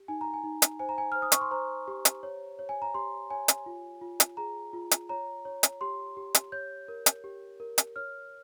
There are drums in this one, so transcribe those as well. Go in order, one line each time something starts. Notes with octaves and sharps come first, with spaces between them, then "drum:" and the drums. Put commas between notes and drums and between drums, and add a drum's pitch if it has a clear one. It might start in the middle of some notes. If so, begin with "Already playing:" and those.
Already playing: G4
D#4 G#5
A#5
G#5
D#4
drum: hi-hat
C5 G#5
A#5
G#5
C5 F6
D#6
C#6, drum: hi-hat
C6
C5 A#5
G4
drum: hi-hat
C#5
C#5
G#5
A#5
G4 C6
C#5 G#5
drum: hi-hat
F4
F4
drum: hi-hat
G#4 A#5
F4
drum: hi-hat
C#5 A#5
C#5
drum: hi-hat
G4 C6
G4
drum: hi-hat
C#5 G6
A#4
drum: hi-hat
G4
A#4
drum: hi-hat
C#5 F6